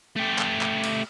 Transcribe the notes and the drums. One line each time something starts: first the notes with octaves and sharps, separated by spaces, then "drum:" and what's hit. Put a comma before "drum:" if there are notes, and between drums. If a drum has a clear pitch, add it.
A3 G4
drum: clap
drum: clap
drum: cymbal